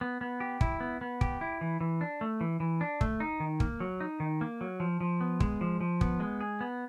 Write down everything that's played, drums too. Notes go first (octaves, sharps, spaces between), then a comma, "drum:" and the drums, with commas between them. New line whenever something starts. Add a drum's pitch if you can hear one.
B3
B3
G4
E4, drum: kick
B3
B3
G4, drum: kick
E4
E3
E3
D4
A3
E3
E3
D4
A3, drum: kick
D#4
D#3
A#3, drum: kick
F#3
D#4
D#3
A#3
F#3
F3
F3
B3
G#3, drum: kick
F3
F3
B3, drum: kick
G#3
G#4
B3